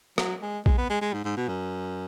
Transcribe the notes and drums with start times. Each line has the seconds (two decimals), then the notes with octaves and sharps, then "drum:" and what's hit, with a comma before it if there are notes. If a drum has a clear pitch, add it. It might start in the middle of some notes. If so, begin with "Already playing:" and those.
0.18 F#3, drum: rim click
0.42 G#3
0.66 G#3, drum: kick A#1
0.78 B3
0.90 G#3
1.02 G#3
1.13 G#2
1.25 G#2
1.37 B2
1.48 F#2